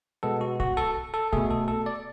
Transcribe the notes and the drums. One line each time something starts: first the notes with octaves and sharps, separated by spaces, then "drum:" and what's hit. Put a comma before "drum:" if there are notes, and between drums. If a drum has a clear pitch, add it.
B2 G#3 B3 A4
F#4
F#4, drum: kick
A4
A4
B2 A3 G#4, drum: kick
A4
A4
D5